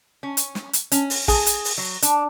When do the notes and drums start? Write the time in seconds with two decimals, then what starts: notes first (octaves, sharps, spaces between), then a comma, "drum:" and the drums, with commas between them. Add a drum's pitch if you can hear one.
0.23 C#4
0.37 drum: hi-hat
0.55 drum: snare
0.73 drum: hi-hat
0.92 C#4, drum: hi-hat
1.10 drum: open hi-hat
1.28 G#4, drum: kick, open hi-hat
1.46 drum: hi-hat
1.65 drum: open hi-hat
1.78 F#3
2.02 D4, drum: hi-hat